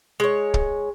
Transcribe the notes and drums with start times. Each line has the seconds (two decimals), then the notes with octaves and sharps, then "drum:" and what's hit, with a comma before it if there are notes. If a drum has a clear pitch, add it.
0.20 G#3 C#5
0.54 drum: kick